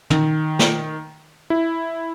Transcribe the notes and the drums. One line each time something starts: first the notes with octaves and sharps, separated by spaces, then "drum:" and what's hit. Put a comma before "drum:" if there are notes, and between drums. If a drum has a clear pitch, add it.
D#3, drum: tom
drum: snare
E4